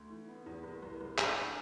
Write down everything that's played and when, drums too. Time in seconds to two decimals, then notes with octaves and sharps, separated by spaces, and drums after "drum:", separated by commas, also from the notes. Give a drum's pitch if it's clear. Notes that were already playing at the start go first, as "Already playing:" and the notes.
Already playing: D2
0.10 E3
0.28 B3
0.46 E2
0.64 C2
0.82 C2
1.01 C2
1.18 C2, drum: clap
1.36 D4